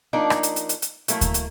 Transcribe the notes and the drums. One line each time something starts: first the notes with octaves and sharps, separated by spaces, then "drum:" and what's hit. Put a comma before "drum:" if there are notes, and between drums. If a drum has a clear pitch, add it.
F3 A#3 D4 D#4
drum: rim click
drum: hi-hat
drum: hi-hat
drum: hi-hat
drum: hi-hat
F#3 A3 A#3 E4, drum: hi-hat
drum: kick D2, hi-hat
drum: hi-hat